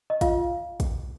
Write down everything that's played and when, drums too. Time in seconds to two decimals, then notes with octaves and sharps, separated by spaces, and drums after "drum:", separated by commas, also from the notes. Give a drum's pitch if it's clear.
0.10 D#5
0.21 F4 F5, drum: kick, hi-hat
0.80 drum: kick, hi-hat